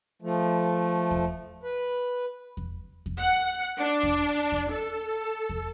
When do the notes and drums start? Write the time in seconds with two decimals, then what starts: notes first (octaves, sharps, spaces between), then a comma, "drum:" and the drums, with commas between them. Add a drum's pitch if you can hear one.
0.22 F3 A3
1.11 drum: kick E2
1.63 B4
2.57 drum: kick E2
3.06 drum: kick E2
3.18 F#5
3.79 D4
4.03 drum: kick E2
4.52 drum: kick E2
4.70 A4
5.49 drum: kick E2